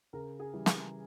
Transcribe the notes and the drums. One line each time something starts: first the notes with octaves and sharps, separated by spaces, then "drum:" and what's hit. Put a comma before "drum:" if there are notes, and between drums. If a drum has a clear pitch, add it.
C#3 A#4
G#4
E3 G3
G#4, drum: snare